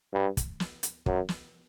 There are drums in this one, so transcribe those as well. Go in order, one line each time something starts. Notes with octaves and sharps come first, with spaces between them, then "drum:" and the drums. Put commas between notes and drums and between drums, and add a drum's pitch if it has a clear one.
G2
drum: kick, hi-hat
drum: snare
drum: hi-hat
F#2, drum: kick
drum: snare